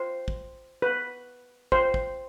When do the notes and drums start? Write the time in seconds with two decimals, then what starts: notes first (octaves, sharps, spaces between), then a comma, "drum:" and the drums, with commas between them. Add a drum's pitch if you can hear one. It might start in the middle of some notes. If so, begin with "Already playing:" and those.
Already playing: C5
0.28 drum: kick
0.82 B4
1.72 C5, drum: kick
1.94 drum: kick